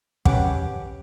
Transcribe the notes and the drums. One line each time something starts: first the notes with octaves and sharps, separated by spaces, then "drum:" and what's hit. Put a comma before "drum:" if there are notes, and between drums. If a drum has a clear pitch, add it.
C#4 G4 B4 F#5 D6, drum: kick